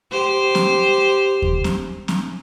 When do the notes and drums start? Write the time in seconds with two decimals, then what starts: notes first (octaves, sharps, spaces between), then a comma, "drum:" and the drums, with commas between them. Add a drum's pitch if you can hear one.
0.11 G4 C5
0.55 drum: snare
1.42 drum: kick D#2
1.64 drum: snare
2.08 drum: snare